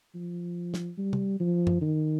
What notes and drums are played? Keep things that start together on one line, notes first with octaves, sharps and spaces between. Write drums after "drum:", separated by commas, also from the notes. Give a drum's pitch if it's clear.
F3
drum: snare
G3
drum: tom C3
F3
drum: tom F#2
D#3